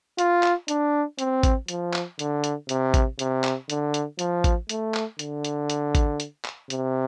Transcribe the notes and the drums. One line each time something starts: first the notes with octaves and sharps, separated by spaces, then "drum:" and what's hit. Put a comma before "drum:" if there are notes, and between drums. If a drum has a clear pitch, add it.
F4, drum: hi-hat
drum: clap
D4, drum: hi-hat
C4, drum: hi-hat
drum: kick A1, hi-hat
F3, drum: hi-hat
drum: clap
D3, drum: hi-hat
drum: hi-hat
C3, drum: hi-hat
drum: kick A1, hi-hat
C3, drum: hi-hat
drum: clap
D3, drum: hi-hat
drum: hi-hat
F3, drum: hi-hat
drum: kick A1, hi-hat
A3, drum: hi-hat
drum: clap
D3, drum: hi-hat
drum: hi-hat
drum: hi-hat
drum: kick A1, hi-hat
drum: hi-hat
drum: clap
C3, drum: hi-hat